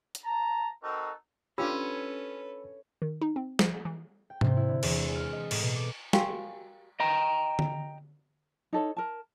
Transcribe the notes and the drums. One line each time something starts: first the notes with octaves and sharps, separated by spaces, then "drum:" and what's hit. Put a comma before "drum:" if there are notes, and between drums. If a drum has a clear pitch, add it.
drum: hi-hat
A5 A#5
C4 D#4 F#4 A4 A#4
C#4 D4 F4 G4 A4 B4 B5 E6
D#3
D#4
C4
F3, drum: snare
E3
G5
C3, drum: tom G#2
E4
D3
E2, drum: cymbal
G#3
F6
D#5
A2, drum: cymbal
B2
D6
F#4 G4 A#4 F5 G5 G#5, drum: snare
D#5 G5 A#5
drum: tom D3
D#4 A4 C#5
A#4 A5